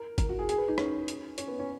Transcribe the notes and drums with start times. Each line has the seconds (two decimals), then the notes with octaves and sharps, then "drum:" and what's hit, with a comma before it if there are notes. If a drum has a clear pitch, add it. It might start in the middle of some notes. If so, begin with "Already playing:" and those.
Already playing: A#4
0.18 A#4, drum: kick G1, hi-hat
0.29 F#4
0.39 G#4
0.49 G#4, drum: hi-hat
0.58 B4
0.68 D#4
0.78 C#4, drum: rim click
1.08 drum: hi-hat
1.38 C#4, drum: hi-hat
1.48 B3
1.59 C#4